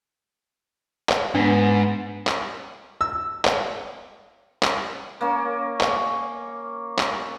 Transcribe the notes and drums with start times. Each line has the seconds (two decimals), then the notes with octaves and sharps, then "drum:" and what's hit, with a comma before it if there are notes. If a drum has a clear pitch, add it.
1.09 drum: clap
1.35 G#2 B3 D4
2.27 drum: clap
3.01 E6
3.45 drum: clap
4.63 drum: clap
5.21 A#3 C#4
5.81 drum: clap
6.98 drum: clap